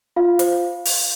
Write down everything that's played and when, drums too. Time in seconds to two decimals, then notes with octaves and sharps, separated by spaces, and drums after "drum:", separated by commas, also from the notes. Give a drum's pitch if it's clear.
0.16 F4 F5
0.39 C5, drum: hi-hat
0.85 drum: open hi-hat